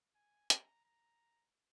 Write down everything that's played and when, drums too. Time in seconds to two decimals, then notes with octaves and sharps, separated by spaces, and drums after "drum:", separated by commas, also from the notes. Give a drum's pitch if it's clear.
0.15 G#5
0.50 A#5, drum: hi-hat
0.85 A#5